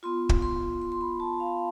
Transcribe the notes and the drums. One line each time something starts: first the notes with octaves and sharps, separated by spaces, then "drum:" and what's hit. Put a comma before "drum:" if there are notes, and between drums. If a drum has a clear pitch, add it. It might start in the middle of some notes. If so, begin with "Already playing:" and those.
B3 F4 C6
drum: kick
C6
C6
C6
B5
A5
F5